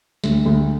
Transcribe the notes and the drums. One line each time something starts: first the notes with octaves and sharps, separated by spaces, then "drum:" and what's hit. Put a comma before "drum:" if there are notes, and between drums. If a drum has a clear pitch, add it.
D2, drum: snare
D2